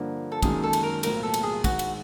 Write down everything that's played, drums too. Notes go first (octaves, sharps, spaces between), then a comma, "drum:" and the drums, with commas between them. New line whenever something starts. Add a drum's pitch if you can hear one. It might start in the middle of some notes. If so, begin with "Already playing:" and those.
Already playing: G2 D3 F3 A#3
A4
F#1 F#2 D#3 G#3 G#4, drum: kick, cymbal
A4
drum: cymbal
A#4
B1 A2 F3 A#3 A#4, drum: cymbal
A4
drum: cymbal
G#4
G#2 D#3 G#3 F#4, drum: kick, cymbal
drum: cymbal